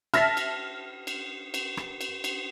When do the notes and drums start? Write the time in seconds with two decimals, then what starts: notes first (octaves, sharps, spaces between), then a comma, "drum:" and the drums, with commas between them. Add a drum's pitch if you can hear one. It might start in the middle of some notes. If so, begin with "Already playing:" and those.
0.14 E5 A5 F6 A#6 B6, drum: cymbal
0.37 drum: cymbal
1.07 drum: cymbal
1.54 drum: cymbal
1.77 drum: rim click
2.01 drum: cymbal
2.24 drum: cymbal